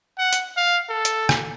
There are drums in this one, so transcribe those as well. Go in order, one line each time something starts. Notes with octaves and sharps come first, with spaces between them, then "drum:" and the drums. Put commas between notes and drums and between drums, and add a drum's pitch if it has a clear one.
F#5
drum: hi-hat
F5
A4
drum: hi-hat
drum: rim click